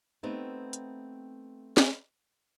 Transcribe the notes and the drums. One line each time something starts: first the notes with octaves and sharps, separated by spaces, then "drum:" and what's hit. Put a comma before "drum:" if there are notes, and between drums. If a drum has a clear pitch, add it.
A3 B3 C4 D#4 G4 C5
drum: hi-hat
drum: snare